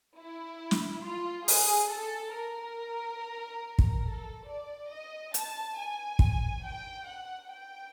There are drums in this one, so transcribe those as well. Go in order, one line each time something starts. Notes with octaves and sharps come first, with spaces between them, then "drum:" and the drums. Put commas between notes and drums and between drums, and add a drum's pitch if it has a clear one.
E4
drum: snare
F4
G#4, drum: open hi-hat
A4
A#4
drum: kick
A4
D5
D#5
A5, drum: hi-hat
G#5
drum: kick
G5
F#5
G5